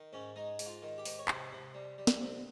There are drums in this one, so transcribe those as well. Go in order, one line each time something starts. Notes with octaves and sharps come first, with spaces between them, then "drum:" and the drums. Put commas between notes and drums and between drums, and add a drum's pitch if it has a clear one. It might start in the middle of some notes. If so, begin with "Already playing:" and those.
Already playing: D#3
G#2 C#4
G#3 D#4
G#2, drum: open hi-hat
F4
D#3
G4
G#2, drum: open hi-hat
C#5
C3 C5, drum: clap
C3
G3
G3
drum: snare
C3